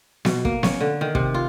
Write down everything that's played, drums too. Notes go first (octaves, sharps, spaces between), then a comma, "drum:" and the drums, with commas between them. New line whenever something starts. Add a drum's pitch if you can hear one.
B2, drum: snare B3
A#3, drum: kick
C#4, drum: snare B3
D3
D#3
C3, drum: kick
F4